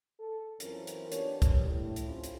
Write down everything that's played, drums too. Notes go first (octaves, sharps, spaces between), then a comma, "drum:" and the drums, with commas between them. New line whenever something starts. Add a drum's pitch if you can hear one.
A4
F#2 E3 C4 C#4 F4 A#4, drum: hi-hat
drum: hi-hat
B3 D4 G4 C#5, drum: hi-hat
drum: kick, hi-hat
A2
drum: hi-hat
C4 C#4 E4 F4 G4 A4
drum: hi-hat